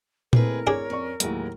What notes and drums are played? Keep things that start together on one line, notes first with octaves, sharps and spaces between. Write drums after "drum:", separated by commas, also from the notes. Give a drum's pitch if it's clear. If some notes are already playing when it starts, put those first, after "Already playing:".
D#2 A3 C4 E4 G#4 A#4 B4, drum: tom A#2
D4 G#4 C#5
F2 C#4 D5 C#6
D#2 A2 E3 F#3 G#3, drum: hi-hat